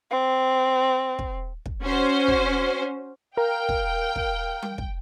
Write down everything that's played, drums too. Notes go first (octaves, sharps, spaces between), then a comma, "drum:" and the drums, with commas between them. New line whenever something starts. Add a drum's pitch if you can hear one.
C4
drum: kick
drum: kick
C#4 F#4 C5
drum: kick
A#4 F5 G5
drum: kick
drum: kick
drum: tom G3
drum: kick